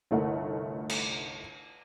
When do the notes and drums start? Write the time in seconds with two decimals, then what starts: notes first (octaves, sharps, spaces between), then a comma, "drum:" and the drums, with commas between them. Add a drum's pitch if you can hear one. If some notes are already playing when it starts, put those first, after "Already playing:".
0.11 G1 C2 A3 D#4 A#4 F#5
0.89 drum: cymbal